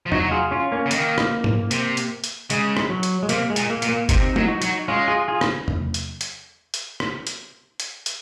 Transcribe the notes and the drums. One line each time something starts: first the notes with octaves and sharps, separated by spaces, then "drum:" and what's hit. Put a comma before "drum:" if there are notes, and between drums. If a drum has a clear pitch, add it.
F3
F#3 D#4 F#4, drum: tom E2
F4 G#4
C#4 F4
A#3 C#4
C#3
D#3 A#3, drum: hi-hat
drum: rim click
drum: tom G#2
C3, drum: hi-hat
drum: hi-hat
drum: hi-hat
C#3 G#3, drum: hi-hat
drum: rim click
F#3
drum: hi-hat
G#3
C3 A#3, drum: hi-hat
G#3
A#2, drum: hi-hat
A#3
A#2, drum: hi-hat
A#3
C3 C4 D#4, drum: kick G1, hi-hat
F#3, drum: tom
D#4 F#4
F#3, drum: hi-hat
G#3 C#4 F4
F4 G#4
F4 G#4
drum: rim click
drum: tom E2
drum: hi-hat
drum: hi-hat
drum: hi-hat
drum: rim click
drum: hi-hat
drum: hi-hat
drum: hi-hat